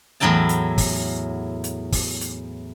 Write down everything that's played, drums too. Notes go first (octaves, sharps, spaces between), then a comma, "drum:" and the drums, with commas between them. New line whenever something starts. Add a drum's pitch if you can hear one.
E2 A2 F#3 E4 G5 A5
drum: hi-hat
drum: kick, open hi-hat
drum: hi-hat
drum: kick, open hi-hat
drum: hi-hat